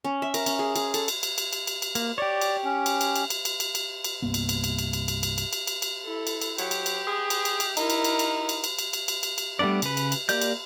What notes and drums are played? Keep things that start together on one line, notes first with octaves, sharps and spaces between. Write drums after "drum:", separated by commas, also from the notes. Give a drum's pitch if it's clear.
C#4
E5
A#4, drum: cymbal
C#4, drum: cymbal
G#4
G#4, drum: cymbal
A4, drum: cymbal
drum: cymbal
drum: cymbal
drum: cymbal
drum: cymbal
drum: cymbal
drum: cymbal
A#3, drum: cymbal
G4 C#5 D5
drum: cymbal
C#4
drum: cymbal
drum: cymbal
drum: cymbal
drum: cymbal
drum: cymbal
drum: cymbal
drum: cymbal
drum: cymbal
C2 G2 A#3 B3
drum: cymbal
drum: cymbal
drum: cymbal
drum: cymbal
drum: cymbal
drum: cymbal
drum: cymbal
drum: cymbal
drum: cymbal
drum: cymbal
drum: cymbal
E4 A4
drum: cymbal
drum: cymbal
F#3 G4, drum: cymbal
drum: cymbal
drum: cymbal
G#4
drum: cymbal
drum: cymbal
drum: cymbal
D#4 E4 A#4, drum: cymbal
drum: cymbal
drum: cymbal
drum: cymbal
drum: cymbal
drum: cymbal
drum: cymbal
drum: cymbal
drum: cymbal
drum: cymbal
drum: cymbal
G3 A3 B3 D4 D5
C#3 B4, drum: cymbal
drum: cymbal
drum: cymbal
A#3 G4 D5 G6, drum: cymbal
drum: cymbal